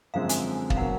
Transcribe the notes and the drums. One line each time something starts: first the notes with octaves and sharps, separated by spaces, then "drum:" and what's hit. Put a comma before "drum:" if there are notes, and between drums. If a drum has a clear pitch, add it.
F#2 D3 F3 G#3 C4 F5
G#5, drum: hi-hat
F5, drum: kick
B2 F#3 A#3 F#5